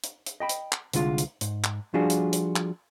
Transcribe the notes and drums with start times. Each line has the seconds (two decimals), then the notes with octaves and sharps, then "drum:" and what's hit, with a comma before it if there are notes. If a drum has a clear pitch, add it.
0.04 drum: hi-hat
0.27 drum: hi-hat
0.40 D#5 G5 B5
0.49 drum: hi-hat
0.72 drum: clap
0.93 C2 D3 G#3 F4, drum: hi-hat
1.18 drum: hi-hat
1.41 G#2, drum: hi-hat
1.64 drum: clap
1.94 F3 G3 D4 F4 F#4 G#4
2.10 drum: hi-hat
2.33 drum: hi-hat
2.56 drum: clap